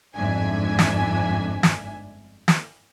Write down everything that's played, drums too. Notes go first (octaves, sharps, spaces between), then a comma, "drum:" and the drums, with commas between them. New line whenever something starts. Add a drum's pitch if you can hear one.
G1 F2 G#2 D4 E5 G#5
drum: snare
drum: snare
drum: snare